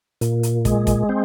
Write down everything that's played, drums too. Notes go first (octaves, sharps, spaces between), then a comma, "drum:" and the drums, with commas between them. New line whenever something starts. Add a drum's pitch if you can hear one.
A#2, drum: hi-hat
drum: hi-hat
G#3, drum: kick, hi-hat
drum: kick, hi-hat
C4